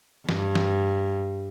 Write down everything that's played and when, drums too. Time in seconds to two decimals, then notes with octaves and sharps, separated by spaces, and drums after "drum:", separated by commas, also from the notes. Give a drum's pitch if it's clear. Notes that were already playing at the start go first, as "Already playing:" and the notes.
0.29 G2, drum: snare
0.55 drum: snare